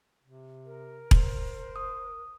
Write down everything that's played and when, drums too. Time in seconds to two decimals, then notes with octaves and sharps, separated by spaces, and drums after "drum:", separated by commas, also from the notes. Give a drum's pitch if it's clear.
0.23 C3
0.66 A#4
1.11 C5, drum: kick E1
1.76 D#6